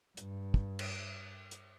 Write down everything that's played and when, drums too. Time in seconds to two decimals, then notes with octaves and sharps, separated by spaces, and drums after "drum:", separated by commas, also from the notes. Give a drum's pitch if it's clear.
0.17 G2, drum: hi-hat
0.54 drum: kick
0.79 drum: cymbal
1.51 drum: hi-hat